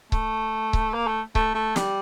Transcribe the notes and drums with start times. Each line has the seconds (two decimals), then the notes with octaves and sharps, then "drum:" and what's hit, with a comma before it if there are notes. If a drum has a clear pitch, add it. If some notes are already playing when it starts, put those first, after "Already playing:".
0.12 A3, drum: kick C#1
0.73 drum: kick C#1
0.94 A#3
1.07 A3
1.35 A3, drum: kick C#1
1.54 A3
1.76 G3, drum: snare